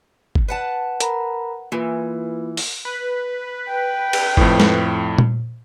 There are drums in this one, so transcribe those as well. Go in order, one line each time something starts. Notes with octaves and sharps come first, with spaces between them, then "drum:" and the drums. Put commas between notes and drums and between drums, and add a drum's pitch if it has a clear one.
drum: kick G1
B4 F#5 A5
A#4 A#5 B5, drum: hi-hat
E3 A#3 F4 B4
drum: open hi-hat
B4
G5
drum: cymbal
F2 A2, drum: kick G1
drum: snare
drum: tom A#2